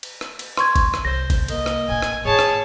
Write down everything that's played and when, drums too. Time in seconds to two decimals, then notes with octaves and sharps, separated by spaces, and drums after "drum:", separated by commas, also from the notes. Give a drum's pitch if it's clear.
0.03 drum: cymbal
0.21 drum: rim click
0.39 drum: cymbal
0.57 C6 C#6 G#6, drum: rim click
0.76 drum: kick G#1, cymbal
0.94 drum: rim click
1.05 C2 C5 A#6
1.30 drum: kick G#1, cymbal
1.48 A#3 D#5, drum: cymbal
1.66 drum: rim click
1.89 A#1 A2 G#5
2.02 drum: rim click
2.25 A2 G#3 G#4 C#5 A5
2.39 drum: rim click